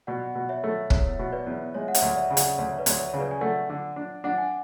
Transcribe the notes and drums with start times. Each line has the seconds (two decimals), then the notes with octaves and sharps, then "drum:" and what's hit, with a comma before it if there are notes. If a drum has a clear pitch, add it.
0.07 B2 D5 F#5
0.35 B2
0.49 C#5 E5
0.64 A3
0.90 E2 C#5, drum: kick
1.19 B2
1.32 B4 D5
1.46 E2
1.74 G#3 C#5 E5
1.88 F#5
1.95 C#5 E5, drum: hi-hat
2.02 D2
2.16 D5 F#5
2.30 C#3
2.37 D5 F#5, drum: hi-hat
2.58 D2 C#5
2.69 C#5
2.78 B4 D5
2.86 D2, drum: hi-hat
3.00 C#5
3.14 C#3
3.20 B4 D5
3.31 G#5
3.41 A3 D5 F#5
3.70 D3
3.96 D4
4.24 D4 F#5
4.38 G#5